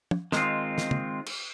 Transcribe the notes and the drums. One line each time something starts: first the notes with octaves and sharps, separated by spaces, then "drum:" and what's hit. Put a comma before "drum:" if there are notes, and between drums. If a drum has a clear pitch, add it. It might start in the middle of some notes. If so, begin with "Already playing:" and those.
drum: tom
D#3 G#3 C4 F4, drum: snare
drum: snare
drum: tom
drum: cymbal